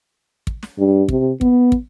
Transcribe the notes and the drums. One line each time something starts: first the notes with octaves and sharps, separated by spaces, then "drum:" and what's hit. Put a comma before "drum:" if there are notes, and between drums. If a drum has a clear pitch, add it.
drum: kick
drum: snare
G2
C3, drum: kick
B3, drum: kick
drum: kick